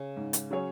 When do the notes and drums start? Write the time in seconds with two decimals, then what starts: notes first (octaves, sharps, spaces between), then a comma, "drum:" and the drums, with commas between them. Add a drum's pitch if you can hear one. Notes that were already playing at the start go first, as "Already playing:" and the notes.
Already playing: C#3
0.16 G#2
0.33 drum: hi-hat
0.51 F#3 C#4 G#4 C#5